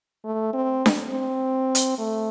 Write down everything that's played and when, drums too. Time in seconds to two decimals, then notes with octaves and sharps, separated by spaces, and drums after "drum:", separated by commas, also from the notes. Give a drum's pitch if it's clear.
0.24 A3
0.53 C4
0.86 drum: snare D4
1.11 C4
1.75 drum: hi-hat
1.98 A3